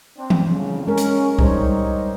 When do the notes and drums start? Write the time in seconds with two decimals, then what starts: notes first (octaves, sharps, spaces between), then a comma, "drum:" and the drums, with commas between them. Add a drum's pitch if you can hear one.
0.18 C4 D4
0.30 drum: tom E3
0.49 C2 F2 C#3
0.87 G#3 C#4 A#4
0.98 drum: hi-hat
1.39 G3 D#4 C5 C#5, drum: kick C2